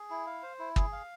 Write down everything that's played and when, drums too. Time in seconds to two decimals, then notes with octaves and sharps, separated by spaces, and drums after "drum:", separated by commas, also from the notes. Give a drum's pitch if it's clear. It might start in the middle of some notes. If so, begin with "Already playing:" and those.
Already playing: G#4
0.10 E4
0.26 F5
0.43 C5
0.59 E4
0.76 G#4, drum: kick
0.92 F5